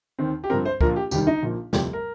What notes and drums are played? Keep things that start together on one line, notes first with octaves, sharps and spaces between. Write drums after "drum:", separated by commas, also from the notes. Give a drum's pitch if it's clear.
D#2 D#3 C4
G4
G2 F3 C4 A#4
C5
A#1 A#2 F3 A#3 A#4, drum: kick
G4
F1 D#2 D#3 G3 G4, drum: tambourine
D#4
A#1 A#2 F3 A#3
F1 F2 C3 G4, drum: snare
A#4